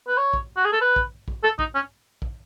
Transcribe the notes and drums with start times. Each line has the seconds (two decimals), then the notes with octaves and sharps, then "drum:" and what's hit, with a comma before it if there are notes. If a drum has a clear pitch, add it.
0.08 B4
0.18 C#5
0.33 drum: kick A#1
0.57 F#4
0.65 G#4
0.73 A4
0.81 B4
0.96 drum: kick A#1
1.28 drum: kick A#1
1.44 A4
1.59 D#4, drum: kick A#1
1.75 C#4
2.22 drum: kick A#1